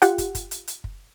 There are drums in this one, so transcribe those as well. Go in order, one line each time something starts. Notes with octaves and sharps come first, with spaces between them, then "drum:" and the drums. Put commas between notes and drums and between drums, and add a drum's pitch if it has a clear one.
F4 G4 F#5, drum: hi-hat
drum: kick, hi-hat
drum: kick, hi-hat
drum: hi-hat
drum: hi-hat
drum: kick